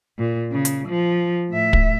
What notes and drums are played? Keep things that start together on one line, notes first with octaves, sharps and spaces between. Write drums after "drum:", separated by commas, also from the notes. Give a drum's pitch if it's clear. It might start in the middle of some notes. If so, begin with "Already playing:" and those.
A#2
C#3
drum: hi-hat
F3
A2 E5
drum: kick